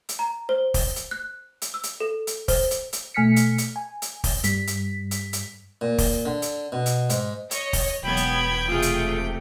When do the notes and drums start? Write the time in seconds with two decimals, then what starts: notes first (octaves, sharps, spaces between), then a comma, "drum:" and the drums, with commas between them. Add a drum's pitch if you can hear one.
0.09 drum: hi-hat
0.19 A#5
0.49 C5
0.74 drum: kick, open hi-hat
0.96 drum: hi-hat
1.11 F#6
1.62 drum: hi-hat
1.74 E6
1.83 drum: hi-hat
2.00 A4
2.27 drum: hi-hat
2.48 C5, drum: kick, open hi-hat
2.71 drum: hi-hat
2.93 drum: hi-hat
3.14 B2 A3 G#5 F6 B6 C#7
3.36 drum: hi-hat
3.58 drum: hi-hat
3.76 G#5
4.02 drum: hi-hat
4.24 drum: kick, open hi-hat
4.43 G2 G3 B6, drum: hi-hat
4.67 drum: hi-hat
5.11 drum: hi-hat
5.33 drum: hi-hat
5.81 A#2
5.98 drum: kick, open hi-hat
6.25 D3
6.42 drum: hi-hat
6.72 B2
6.86 drum: hi-hat
7.10 G#2, drum: hi-hat
7.51 C#5 D#5, drum: hi-hat
7.73 drum: kick, open hi-hat
8.03 E1 F#3 B3 G5 B5 G#6
8.17 drum: hi-hat
8.68 C3 A3 F4 G#4
8.82 drum: hi-hat